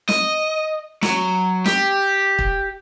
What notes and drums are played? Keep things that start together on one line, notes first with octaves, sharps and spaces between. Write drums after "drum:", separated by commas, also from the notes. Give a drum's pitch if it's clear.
D#5, drum: snare
F#3, drum: snare
G4, drum: snare
drum: kick